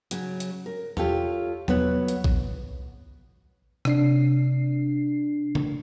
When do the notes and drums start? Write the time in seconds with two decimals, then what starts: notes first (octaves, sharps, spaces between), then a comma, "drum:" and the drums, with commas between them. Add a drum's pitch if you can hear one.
0.11 C#3 F#3, drum: hi-hat
0.40 drum: hi-hat
0.66 A#4
0.97 F4 G4 A4 C#5 F5, drum: tom E2
1.68 F#3 B3 C#5 F#5, drum: tom E2
2.08 drum: hi-hat
2.24 drum: kick
3.85 C3 D4 C7, drum: rim click
5.55 drum: tom C#3